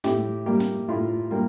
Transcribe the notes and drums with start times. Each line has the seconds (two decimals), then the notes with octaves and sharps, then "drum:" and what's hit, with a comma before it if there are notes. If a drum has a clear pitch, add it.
0.04 A2 G4, drum: snare
0.46 G3 A#3 G4
0.60 drum: snare
0.88 A2 F4
1.31 G3 A#3